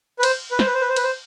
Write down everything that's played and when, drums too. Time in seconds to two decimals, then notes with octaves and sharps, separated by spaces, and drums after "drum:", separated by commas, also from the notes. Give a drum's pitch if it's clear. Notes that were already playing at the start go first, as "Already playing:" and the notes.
0.19 B4
0.23 C5, drum: cymbal
0.51 B4
0.59 C5, drum: snare
0.66 B4
0.74 C5
0.81 B4
0.89 C5
0.96 B4, drum: cymbal
1.04 C5